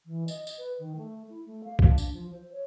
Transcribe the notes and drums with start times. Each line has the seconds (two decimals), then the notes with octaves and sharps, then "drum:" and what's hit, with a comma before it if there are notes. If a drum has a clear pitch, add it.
0.06 E3
0.28 D#5, drum: tambourine
0.47 drum: tambourine
0.58 B4
0.79 D#3
0.97 A3
1.29 E4
1.46 A3
1.64 F5
1.79 drum: kick
1.88 D4
1.98 drum: tambourine
2.13 F3
2.32 C5
2.52 C#5